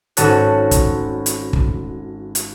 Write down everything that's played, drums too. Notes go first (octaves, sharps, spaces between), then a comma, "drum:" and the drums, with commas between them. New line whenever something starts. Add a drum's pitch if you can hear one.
G#1 C#4 F#4 A4 C#5 F#6, drum: hi-hat
drum: kick, hi-hat
drum: hi-hat
drum: kick
drum: hi-hat